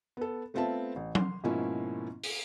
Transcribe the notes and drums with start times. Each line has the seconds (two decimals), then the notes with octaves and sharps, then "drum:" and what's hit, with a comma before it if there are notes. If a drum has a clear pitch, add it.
0.17 B3 A4
0.54 A3 B3 C4 F4 E5 A5
0.96 A1
1.15 C6, drum: tom F#3
1.44 G#2 B2 F3 A#3 C#4 E4
2.24 drum: open hi-hat